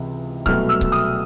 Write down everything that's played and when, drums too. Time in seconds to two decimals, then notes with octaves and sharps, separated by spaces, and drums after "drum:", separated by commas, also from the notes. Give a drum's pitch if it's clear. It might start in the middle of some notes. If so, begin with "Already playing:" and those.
Already playing: C#2 C3 E3
0.46 C2 B2 F#3 A3 F6, drum: kick C#1
0.69 E6
0.81 drum: kick C#1
0.92 D#6